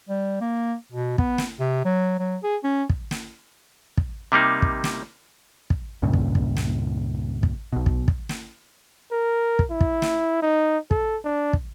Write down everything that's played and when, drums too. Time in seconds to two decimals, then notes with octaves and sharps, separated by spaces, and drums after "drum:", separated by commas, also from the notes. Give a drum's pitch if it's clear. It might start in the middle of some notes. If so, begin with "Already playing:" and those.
0.09 G3
0.41 A#3
0.92 B2
1.18 B3, drum: kick
1.38 drum: snare
1.60 C3
1.85 F#3
2.19 F#3
2.43 G#4
2.64 C#4
2.90 drum: kick
3.11 drum: snare
3.97 drum: kick
4.32 C3 G3 A#3 D#4
4.62 drum: kick
4.84 drum: snare
5.70 drum: kick
6.02 C#2 G2 A#2 C#3
6.13 drum: kick
6.35 drum: kick
6.57 drum: snare
7.43 drum: kick
7.73 B1 B2
7.86 drum: kick
8.08 drum: kick
8.29 drum: snare
9.12 A#4
9.59 drum: kick
9.70 E4
9.81 drum: kick
10.02 drum: snare
10.42 D#4
10.91 A4, drum: kick
11.24 D4
11.53 drum: kick